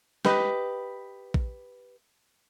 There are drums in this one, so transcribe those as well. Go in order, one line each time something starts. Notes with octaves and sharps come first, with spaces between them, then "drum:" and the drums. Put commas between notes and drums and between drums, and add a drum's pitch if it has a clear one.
G4 B4 D#5, drum: snare
drum: kick A#1